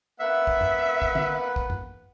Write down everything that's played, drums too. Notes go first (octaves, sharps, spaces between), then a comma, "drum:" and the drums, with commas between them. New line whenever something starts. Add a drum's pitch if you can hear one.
A#3 B4 E5 F#5
drum: kick
drum: tom F#2
drum: kick
drum: tom
drum: kick
drum: tom F#2